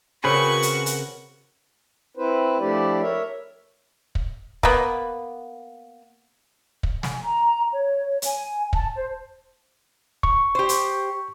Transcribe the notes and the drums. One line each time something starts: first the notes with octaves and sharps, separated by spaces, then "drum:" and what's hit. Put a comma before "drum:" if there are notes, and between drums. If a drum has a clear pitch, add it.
C#3 C4 F#4 A#4 B4 G#5 B5 C#6
drum: hi-hat
drum: hi-hat
C4 E4 B4 C5
F3 A3 D4 E4 G4 D5
A#4 C#5 E5
drum: kick
A#3 B3, drum: kick
drum: kick
G#5, drum: snare
A#5
C#5
G#5, drum: hi-hat
A5, drum: kick
C5
C#6, drum: kick
G4 C5
drum: hi-hat